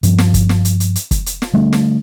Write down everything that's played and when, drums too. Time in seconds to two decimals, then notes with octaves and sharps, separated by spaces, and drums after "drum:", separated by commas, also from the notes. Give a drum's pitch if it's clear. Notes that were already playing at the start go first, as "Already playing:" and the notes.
0.03 G2 F3, drum: hi-hat
0.18 drum: snare
0.34 drum: kick, hi-hat
0.49 drum: snare
0.65 drum: hi-hat
0.80 drum: hi-hat
0.96 drum: hi-hat
1.11 drum: kick, hi-hat
1.26 drum: hi-hat
1.42 drum: snare
1.53 D3 G3 A3 D4
1.73 drum: snare